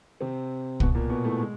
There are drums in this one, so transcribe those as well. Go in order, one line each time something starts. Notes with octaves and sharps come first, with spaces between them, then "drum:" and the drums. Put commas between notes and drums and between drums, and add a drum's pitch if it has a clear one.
C3 C4
B2 B3, drum: kick
A#2 A#3
B2 B3
A2 A3
G#3